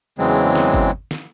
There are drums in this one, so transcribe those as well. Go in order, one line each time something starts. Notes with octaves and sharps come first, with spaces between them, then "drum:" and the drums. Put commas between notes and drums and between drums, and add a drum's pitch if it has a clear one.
E2 C#3 E3 F#3 G#3 C4
drum: snare
drum: kick G1
drum: snare